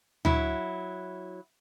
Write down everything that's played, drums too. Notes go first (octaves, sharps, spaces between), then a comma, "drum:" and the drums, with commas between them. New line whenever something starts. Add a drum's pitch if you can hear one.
F#3 E4, drum: tom D2